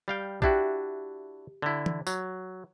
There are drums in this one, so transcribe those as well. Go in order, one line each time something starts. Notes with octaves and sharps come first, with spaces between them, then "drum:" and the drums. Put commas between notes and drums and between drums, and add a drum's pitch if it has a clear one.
G3 F5 G5
D4 E4 F#4 G4 E5 G5, drum: kick A#1
D3 E4
drum: tom E3
F#3, drum: tambourine